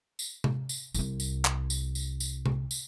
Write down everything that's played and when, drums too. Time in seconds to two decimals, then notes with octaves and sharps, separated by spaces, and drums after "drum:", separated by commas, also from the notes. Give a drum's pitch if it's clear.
0.19 drum: tambourine
0.44 drum: tom C3
0.69 drum: tambourine
0.94 C2 C3, drum: tambourine
1.20 drum: tambourine
1.45 drum: clap
1.70 drum: tambourine
1.95 drum: tambourine
2.20 drum: tambourine
2.46 drum: tom C3
2.71 drum: tambourine